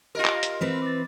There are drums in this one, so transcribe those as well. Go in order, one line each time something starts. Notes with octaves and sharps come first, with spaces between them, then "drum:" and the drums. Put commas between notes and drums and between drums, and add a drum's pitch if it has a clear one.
F4 G4 A#4 D#5 A#6
drum: clap
drum: hi-hat
E3 C4 B4
D6 A6